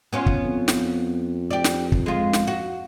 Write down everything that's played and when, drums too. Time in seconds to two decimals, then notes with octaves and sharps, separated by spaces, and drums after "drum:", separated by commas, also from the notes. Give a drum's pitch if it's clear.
0.13 B3 C#4 F4
0.26 drum: kick
0.44 F2
0.68 drum: snare
1.51 G4 D5
1.64 drum: snare
1.92 drum: kick
2.06 G#3 F4
2.33 drum: snare
2.47 F#4